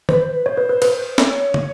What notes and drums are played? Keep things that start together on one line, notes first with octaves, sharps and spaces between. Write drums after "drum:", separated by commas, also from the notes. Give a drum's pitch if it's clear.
B4 C5, drum: tom D#3
C5
B4
C5 C#5
B4
B4
B4, drum: cymbal
C#5, drum: snare
drum: tom